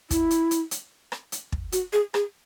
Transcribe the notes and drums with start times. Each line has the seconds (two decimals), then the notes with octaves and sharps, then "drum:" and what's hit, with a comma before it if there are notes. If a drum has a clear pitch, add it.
0.11 E4, drum: kick, hi-hat
0.31 drum: hi-hat
0.51 drum: hi-hat
0.71 drum: hi-hat
1.12 drum: rim click
1.32 drum: hi-hat
1.52 drum: kick
1.72 F#4, drum: hi-hat
1.93 G#4
2.14 G#4, drum: rim click